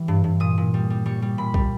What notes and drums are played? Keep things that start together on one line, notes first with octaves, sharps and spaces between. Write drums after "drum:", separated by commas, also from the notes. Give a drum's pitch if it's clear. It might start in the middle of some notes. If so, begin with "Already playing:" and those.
Already playing: E3 G3
G2
G2
A#2 D#6
A#2
G3
G3
G3 C#6
G3
A#2 B5
G3, drum: kick B1